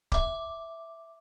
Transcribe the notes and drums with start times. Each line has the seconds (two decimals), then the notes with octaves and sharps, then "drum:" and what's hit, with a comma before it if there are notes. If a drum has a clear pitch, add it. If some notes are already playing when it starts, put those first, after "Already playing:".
0.12 E5 D6, drum: kick C#1